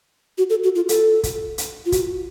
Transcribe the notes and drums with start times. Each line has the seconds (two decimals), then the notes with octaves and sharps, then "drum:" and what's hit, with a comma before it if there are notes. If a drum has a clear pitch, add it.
0.38 F#4
0.50 A4
0.64 F#4
0.76 F4
0.89 A4, drum: hi-hat
1.23 drum: kick, hi-hat
1.58 drum: hi-hat
1.86 F4
1.92 F#4, drum: kick, hi-hat